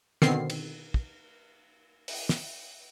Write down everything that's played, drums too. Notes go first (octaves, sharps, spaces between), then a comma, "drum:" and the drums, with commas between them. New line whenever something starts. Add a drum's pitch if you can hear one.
B2 D3 D#3 B3 C4 C7, drum: snare
drum: cymbal
drum: kick
drum: open hi-hat
drum: snare